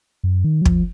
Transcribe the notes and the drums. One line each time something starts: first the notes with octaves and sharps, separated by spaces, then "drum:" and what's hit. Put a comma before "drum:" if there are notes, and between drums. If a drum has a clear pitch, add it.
F#2
D#3
F#3
F3, drum: kick